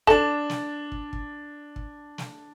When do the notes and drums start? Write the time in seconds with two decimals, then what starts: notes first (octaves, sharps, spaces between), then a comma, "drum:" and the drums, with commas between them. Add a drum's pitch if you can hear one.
0.07 D4 A4 E7, drum: kick
0.50 drum: snare
0.92 drum: kick
1.13 drum: kick
1.76 drum: kick
2.18 drum: snare